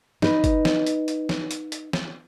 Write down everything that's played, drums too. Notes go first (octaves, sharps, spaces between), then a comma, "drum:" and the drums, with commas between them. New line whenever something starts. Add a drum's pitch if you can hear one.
D#4 B4, drum: snare
drum: kick, hi-hat
drum: snare
drum: hi-hat
drum: hi-hat
drum: snare
drum: hi-hat
drum: hi-hat
drum: snare